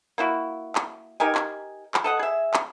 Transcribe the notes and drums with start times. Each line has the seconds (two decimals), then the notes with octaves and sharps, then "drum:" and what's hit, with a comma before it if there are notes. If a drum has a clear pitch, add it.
0.18 A#3 E4 F#4
0.75 drum: clap
1.20 D#4 G4 A#4 G#5
1.35 drum: clap
1.94 drum: clap
2.04 A4 D#5 F#5
2.19 G#4 E5
2.54 drum: clap